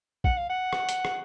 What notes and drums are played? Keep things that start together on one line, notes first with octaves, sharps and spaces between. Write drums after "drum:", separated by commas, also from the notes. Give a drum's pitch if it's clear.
F#5, drum: kick
F5
F#5
drum: rim click
drum: hi-hat
drum: rim click